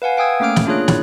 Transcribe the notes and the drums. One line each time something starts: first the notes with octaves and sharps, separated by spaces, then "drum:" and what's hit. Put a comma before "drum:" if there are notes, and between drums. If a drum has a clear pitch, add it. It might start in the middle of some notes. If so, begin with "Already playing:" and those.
B4 F5 F#5 G#5
F5 G5 G#5 D#6 E6 G#6
A3 A#3 C#4 D6 F6 D7
drum: snare
A#3 D4 F4 G#4 C#5 F#6
E4, drum: snare